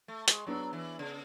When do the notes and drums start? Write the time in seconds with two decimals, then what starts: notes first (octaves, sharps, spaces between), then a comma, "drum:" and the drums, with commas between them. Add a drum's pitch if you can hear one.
0.08 A3
0.28 G#3, drum: hi-hat
0.47 F#3 B3 D4
0.73 E3
0.99 C#3